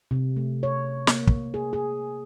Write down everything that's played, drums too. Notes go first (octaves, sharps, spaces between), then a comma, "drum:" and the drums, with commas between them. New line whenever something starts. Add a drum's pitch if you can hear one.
C3
A3
C#5
A#3, drum: snare
drum: kick
G#4
G#4